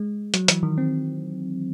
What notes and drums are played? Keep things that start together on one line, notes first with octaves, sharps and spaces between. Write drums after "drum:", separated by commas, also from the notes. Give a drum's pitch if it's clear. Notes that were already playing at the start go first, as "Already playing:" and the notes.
Already playing: G#3
F#3, drum: hi-hat
E3, drum: hi-hat
D#3
C4